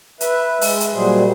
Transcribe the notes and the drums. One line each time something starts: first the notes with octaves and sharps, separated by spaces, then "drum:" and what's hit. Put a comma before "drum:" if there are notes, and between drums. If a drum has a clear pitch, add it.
B4 E5, drum: hi-hat
G#3, drum: open hi-hat
drum: hi-hat
A#2 F#3 G3 G#4 C5